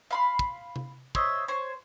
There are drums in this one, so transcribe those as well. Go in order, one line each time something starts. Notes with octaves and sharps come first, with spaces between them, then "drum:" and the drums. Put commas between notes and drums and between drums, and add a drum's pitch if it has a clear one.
F5 B5 C6
drum: kick
drum: tom C3
C5 C#5 D#5 E5, drum: kick
C5 C#5